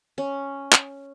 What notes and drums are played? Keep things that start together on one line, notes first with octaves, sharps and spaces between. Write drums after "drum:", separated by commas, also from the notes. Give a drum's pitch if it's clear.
C#4
drum: clap